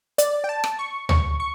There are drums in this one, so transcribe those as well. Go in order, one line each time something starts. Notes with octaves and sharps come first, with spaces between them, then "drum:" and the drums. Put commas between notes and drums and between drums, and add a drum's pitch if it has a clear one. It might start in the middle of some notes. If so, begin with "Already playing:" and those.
D5, drum: hi-hat
G5
A5
drum: rim click
C#6
C#6, drum: tom
C#6